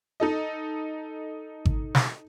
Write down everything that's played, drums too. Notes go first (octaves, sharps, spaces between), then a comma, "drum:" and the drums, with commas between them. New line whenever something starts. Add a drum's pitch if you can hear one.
D#4 A4 D#5
drum: kick G#1
drum: snare